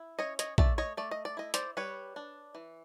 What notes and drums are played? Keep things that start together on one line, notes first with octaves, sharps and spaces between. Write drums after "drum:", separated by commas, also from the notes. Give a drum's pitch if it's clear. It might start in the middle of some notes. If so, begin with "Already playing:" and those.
Already playing: E4
C#4 C#5 D#5
C#5 D#5, drum: hi-hat
A3 D5 E5, drum: kick
C#5 D#5
A3 D5
D#5
D5
E4 D#5
C5 D5, drum: hi-hat
G3 B4 C#5
D4
E3